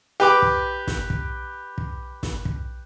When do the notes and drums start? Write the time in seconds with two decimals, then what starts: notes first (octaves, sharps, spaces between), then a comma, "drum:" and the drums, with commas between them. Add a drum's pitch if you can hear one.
0.20 G4 B4 D6
0.42 drum: kick
0.87 drum: snare
1.10 drum: kick
1.78 drum: kick
2.23 drum: snare
2.45 drum: kick